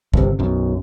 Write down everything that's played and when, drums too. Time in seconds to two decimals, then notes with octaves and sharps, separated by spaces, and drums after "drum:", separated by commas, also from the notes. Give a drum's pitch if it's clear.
0.14 G1 C3, drum: kick
0.39 B1 F#2